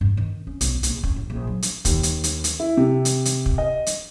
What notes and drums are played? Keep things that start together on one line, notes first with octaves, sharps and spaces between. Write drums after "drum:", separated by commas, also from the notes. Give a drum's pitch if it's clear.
G2
D#3
C#4
B1, drum: hi-hat
A#1, drum: hi-hat
C#4, drum: kick
A1
A#1
F#3
drum: hi-hat
D#2, drum: kick, hi-hat
drum: hi-hat
drum: hi-hat
drum: hi-hat
E4
C3
drum: hi-hat
drum: hi-hat
drum: kick
D#5
drum: hi-hat